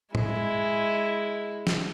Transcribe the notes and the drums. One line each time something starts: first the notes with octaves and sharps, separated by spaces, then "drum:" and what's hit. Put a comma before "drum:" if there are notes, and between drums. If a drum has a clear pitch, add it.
G#3 E4, drum: tom A2
drum: snare